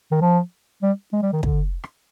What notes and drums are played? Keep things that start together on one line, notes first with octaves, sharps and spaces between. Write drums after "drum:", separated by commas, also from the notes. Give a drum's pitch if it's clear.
D#3
F3
G3
G#3
G3
D#3
D3, drum: kick
drum: rim click